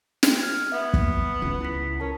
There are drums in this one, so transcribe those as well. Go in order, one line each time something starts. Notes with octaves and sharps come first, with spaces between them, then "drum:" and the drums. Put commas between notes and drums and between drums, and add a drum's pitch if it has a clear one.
drum: snare
F6 G#6
B3 E5
drum: kick
C#2
E4 B6
C#4 A#4 A5